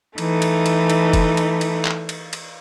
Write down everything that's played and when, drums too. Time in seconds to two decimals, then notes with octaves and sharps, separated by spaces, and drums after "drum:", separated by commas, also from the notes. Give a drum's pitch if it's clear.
0.18 E3 A3 D#4, drum: cymbal
0.42 drum: cymbal
0.66 drum: cymbal
0.90 drum: cymbal
1.13 drum: kick F1, cymbal
1.37 drum: cymbal
1.61 drum: cymbal
1.85 drum: clap
2.09 drum: cymbal
2.33 drum: cymbal